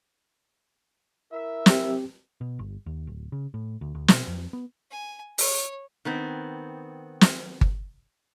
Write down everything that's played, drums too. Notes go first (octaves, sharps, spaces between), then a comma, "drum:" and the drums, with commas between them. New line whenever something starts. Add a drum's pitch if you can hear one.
E4 A#4 E5
C4 G4, drum: snare
B2
G1
D#2
D1
C#3
A2
D2
D2
B2, drum: snare
F2
B3
G#5
C#5, drum: open hi-hat
D#3 B3 C4
drum: snare
drum: kick G1